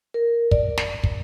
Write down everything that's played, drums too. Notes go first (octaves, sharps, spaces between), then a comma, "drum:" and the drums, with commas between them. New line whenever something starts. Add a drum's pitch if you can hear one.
A#4
D5, drum: kick
drum: snare
drum: kick